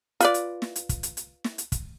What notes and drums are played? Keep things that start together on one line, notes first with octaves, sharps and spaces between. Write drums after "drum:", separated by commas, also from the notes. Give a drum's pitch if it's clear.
F4 B4 D5, drum: hi-hat
drum: hi-hat
drum: snare
drum: hi-hat
drum: kick, hi-hat
drum: hi-hat
drum: hi-hat
drum: snare
drum: hi-hat
drum: kick, hi-hat